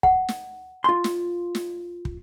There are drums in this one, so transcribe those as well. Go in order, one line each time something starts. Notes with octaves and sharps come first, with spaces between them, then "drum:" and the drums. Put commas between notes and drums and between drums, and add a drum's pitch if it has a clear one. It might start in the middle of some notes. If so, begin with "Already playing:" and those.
F#5, drum: kick
drum: snare
F4 C6
drum: snare
drum: snare
drum: kick